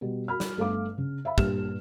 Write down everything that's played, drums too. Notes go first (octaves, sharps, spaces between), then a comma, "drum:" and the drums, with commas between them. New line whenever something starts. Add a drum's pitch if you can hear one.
B2 G3
F#4 A#4 B5 F6
drum: snare
G1 A3 F5 D6
C#3
E5 F5 B5
G2 A#2 G4 F6 E7, drum: kick